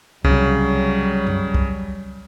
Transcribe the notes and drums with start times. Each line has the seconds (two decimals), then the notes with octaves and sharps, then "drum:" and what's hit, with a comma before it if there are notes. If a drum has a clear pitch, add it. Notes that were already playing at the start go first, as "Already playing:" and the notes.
0.24 C2 C#3 F#3 G3, drum: kick C2
1.27 drum: tom F#2
1.54 drum: kick C2